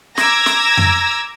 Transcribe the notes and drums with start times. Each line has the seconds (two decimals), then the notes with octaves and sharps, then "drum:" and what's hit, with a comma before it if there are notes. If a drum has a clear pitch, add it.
0.18 A#5 D6 E6 G#6 A#6, drum: snare
0.46 drum: snare
0.77 drum: tom F2